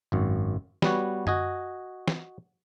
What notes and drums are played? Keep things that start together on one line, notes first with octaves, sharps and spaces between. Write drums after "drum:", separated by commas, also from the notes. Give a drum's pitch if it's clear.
G#1 F#2
G3 B3 F#4 C#5, drum: snare
F#4 D#5 G#5, drum: tom F#2
drum: snare